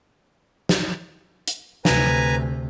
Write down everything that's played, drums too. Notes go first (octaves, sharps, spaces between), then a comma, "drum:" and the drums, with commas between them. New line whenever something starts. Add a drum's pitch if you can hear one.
drum: snare
drum: hi-hat
D2 C3 B4 G#5 A#5, drum: snare